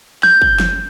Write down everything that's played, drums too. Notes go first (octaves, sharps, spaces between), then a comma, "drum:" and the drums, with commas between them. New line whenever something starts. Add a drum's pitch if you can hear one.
G6, drum: snare
drum: kick
drum: snare